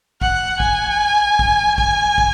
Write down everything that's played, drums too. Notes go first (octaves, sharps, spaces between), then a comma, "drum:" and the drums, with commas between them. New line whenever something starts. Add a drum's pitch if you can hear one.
F#5, drum: kick
G#5, drum: kick
drum: kick
G#5, drum: kick
drum: kick